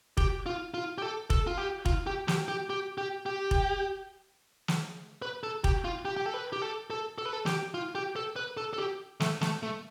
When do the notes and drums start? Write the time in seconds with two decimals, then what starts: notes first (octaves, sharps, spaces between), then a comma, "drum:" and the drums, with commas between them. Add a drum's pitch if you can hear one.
0.17 G4, drum: kick F1
0.46 F4
0.74 F4
0.98 G4
1.02 A4
1.30 A4, drum: kick F1
1.47 F4
1.58 G4
1.86 F4, drum: kick F1
2.07 G4
2.28 G4, drum: snare
2.48 G4
2.70 G4
2.98 G4
3.26 G4
3.51 drum: kick F1
4.68 drum: snare
5.22 B4
5.43 A4
5.64 G4, drum: kick F1
5.85 F4
6.05 G4
6.17 G4
6.26 A4
6.34 B4
6.53 G4
6.62 A4
6.90 A4
7.18 A4
7.25 B4
7.33 A4
7.46 G4, drum: snare
7.74 F4
7.95 G4
8.16 A4
8.36 B4
8.57 A4
8.73 A4
8.78 G4
9.20 A3, drum: snare
9.41 A3, drum: snare
9.63 A3